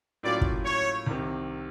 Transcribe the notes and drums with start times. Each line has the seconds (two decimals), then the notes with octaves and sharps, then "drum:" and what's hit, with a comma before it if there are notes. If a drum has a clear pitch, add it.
0.23 A2 F#3 A#3 C#4 F4 D5
0.41 drum: kick
0.65 C#5
1.07 C2 C3 D#3